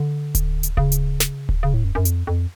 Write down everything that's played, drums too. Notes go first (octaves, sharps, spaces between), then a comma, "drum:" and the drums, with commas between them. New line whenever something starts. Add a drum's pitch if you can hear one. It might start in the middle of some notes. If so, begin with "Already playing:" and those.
Already playing: D3
drum: kick D1, hi-hat
drum: hi-hat
C#3, drum: kick D1
drum: hi-hat
drum: snare
drum: kick D1
C#3
A2
F#2
F#2
F2, drum: hi-hat
F2